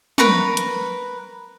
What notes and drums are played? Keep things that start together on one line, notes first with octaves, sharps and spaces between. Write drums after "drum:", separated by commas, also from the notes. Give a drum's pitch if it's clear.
A#4 B4 A#5 C#6, drum: tom
drum: hi-hat